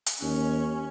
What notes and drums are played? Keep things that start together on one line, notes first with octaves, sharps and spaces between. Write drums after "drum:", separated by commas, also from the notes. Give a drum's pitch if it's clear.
drum: hi-hat
D#2 C#4